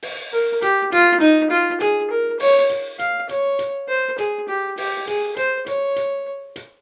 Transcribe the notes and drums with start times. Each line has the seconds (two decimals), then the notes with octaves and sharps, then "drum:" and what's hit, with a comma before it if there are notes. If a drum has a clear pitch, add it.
0.02 drum: open hi-hat
0.32 A#4
0.62 G4, drum: hi-hat
0.92 F4, drum: hi-hat
1.21 D#4, drum: hi-hat
1.50 F4
1.81 G#4, drum: hi-hat
2.10 A#4
2.40 C#5, drum: open hi-hat
2.70 drum: hi-hat
2.99 F5, drum: hi-hat
3.29 C#5, drum: hi-hat
3.59 drum: hi-hat
3.88 C5
4.18 G#4, drum: hi-hat
4.48 G4
4.77 G4, drum: open hi-hat
5.07 G#4, drum: hi-hat
5.36 C5, drum: hi-hat
5.66 C#5, drum: hi-hat
5.96 drum: hi-hat
6.56 drum: hi-hat